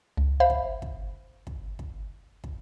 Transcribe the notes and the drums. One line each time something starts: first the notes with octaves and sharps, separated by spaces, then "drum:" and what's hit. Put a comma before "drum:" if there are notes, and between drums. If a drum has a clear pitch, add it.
C#2
C5 E5 F5 B5
drum: kick
drum: kick
drum: kick
drum: kick
drum: kick